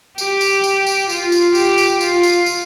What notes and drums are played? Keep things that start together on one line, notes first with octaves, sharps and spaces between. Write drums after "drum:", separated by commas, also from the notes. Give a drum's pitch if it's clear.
G4, drum: tambourine
drum: tambourine
drum: tambourine
drum: tambourine
F4, drum: tambourine
drum: tambourine
G4, drum: tambourine
drum: tambourine
F4, drum: tambourine
drum: tambourine
drum: tambourine